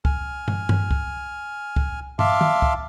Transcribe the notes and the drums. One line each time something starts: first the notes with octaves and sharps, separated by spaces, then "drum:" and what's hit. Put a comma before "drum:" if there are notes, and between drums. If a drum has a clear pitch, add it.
G#5 F6, drum: kick C#2
drum: tom
drum: tom G2
drum: kick C#2
drum: kick C#2
E5 F5 A5 C6 D6, drum: tom
drum: tom
drum: kick C#2